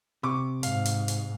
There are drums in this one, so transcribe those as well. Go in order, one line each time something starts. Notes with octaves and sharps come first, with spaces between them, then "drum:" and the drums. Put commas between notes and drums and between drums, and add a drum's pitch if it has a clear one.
C3 C#6 D6
G#2 F5, drum: hi-hat
drum: hi-hat
drum: hi-hat